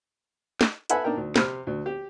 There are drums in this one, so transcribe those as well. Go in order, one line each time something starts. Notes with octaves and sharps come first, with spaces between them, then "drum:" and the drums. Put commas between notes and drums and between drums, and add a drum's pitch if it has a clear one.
drum: snare
A4 B4 E5 F#5 G#5 B5, drum: hi-hat
D4 D#4 A#4 G5
D2
C3 B5 F6, drum: snare
D2
G4